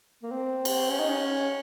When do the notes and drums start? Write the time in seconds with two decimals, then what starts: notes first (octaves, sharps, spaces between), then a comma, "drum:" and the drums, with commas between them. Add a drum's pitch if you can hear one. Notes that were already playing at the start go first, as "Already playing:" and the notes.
0.23 A#3
0.31 C4
0.65 drum: cymbal
0.90 C#4
1.00 D#4
1.10 C#4